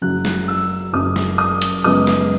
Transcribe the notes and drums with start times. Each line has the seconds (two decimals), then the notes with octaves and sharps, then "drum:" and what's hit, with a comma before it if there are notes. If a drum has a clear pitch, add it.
0.01 F#1 F#2 C#3 F#3 F#6
0.25 drum: snare
0.48 E6
0.93 F#1 F#2 C#3 F#3 D#6
1.16 drum: snare
1.38 D#6
1.62 drum: hi-hat
1.84 F#2 C#3 G#3 B3 D#6
2.07 drum: snare